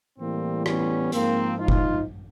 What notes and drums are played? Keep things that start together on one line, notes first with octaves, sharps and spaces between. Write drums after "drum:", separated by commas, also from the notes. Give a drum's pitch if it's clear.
A2 E3 G3 A#3 C4
B3 C#4, drum: rim click
G#2 F3 A#3 C4, drum: hi-hat
D#4 F4
drum: kick F1